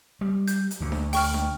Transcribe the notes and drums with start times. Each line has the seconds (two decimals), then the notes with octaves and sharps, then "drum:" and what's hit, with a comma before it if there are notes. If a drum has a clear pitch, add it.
0.21 G3
0.48 G6, drum: hi-hat
0.71 drum: hi-hat
0.80 D2 D3
0.92 drum: snare D4
1.13 G5 C#6 F6, drum: open hi-hat
1.34 drum: snare D4